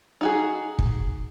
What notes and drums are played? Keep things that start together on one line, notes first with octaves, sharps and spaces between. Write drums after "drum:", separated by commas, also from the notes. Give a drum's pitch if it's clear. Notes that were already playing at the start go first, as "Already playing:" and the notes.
D#4 F#4 G#4
drum: kick